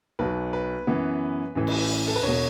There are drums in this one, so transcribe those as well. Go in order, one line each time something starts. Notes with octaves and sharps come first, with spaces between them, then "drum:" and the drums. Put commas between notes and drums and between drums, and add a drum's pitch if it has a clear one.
B1 B2 F#3 B4
B4
F#2 E3 B3
A1 A2 E3
drum: cymbal
A4
B4
E1 B2 C#5